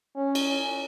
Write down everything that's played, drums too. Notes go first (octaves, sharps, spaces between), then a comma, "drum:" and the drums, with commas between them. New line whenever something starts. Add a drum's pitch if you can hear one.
C#4
drum: cymbal